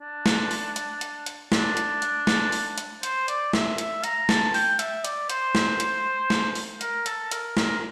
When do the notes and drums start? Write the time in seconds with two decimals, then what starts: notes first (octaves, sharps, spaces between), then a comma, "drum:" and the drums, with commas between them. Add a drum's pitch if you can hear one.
0.01 D4
0.26 drum: snare
0.51 drum: open hi-hat
0.76 drum: hi-hat
1.01 drum: hi-hat
1.26 drum: hi-hat
1.52 D4, drum: snare
1.77 drum: hi-hat
2.02 drum: hi-hat
2.27 drum: snare
2.52 drum: open hi-hat
2.78 drum: hi-hat
3.03 C5, drum: hi-hat
3.28 D5, drum: hi-hat
3.53 E5, drum: snare
3.78 E5, drum: hi-hat
4.04 A#5, drum: hi-hat
4.29 A5, drum: snare
4.54 G5, drum: open hi-hat
4.79 E5, drum: hi-hat
5.04 D5, drum: hi-hat
5.30 C5, drum: hi-hat
5.55 drum: snare
5.80 drum: hi-hat
6.30 drum: snare
6.55 drum: open hi-hat
6.81 A#4, drum: hi-hat
7.06 A4, drum: hi-hat
7.31 A#4, drum: hi-hat
7.57 A#4, drum: snare